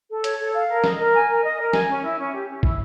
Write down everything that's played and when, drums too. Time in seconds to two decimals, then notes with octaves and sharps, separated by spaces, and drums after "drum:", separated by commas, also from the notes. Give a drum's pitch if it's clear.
0.09 A4
0.24 C#5, drum: hi-hat
0.39 A4
0.53 F5
0.68 A#4
0.84 D#5, drum: snare
0.99 A#4
1.13 G#5
1.27 A#4
1.43 D#5
1.58 A#4
1.73 G#5, drum: snare
1.87 C#4
2.03 E4
2.18 C#4
2.33 G4
2.47 C#4
2.63 E4, drum: kick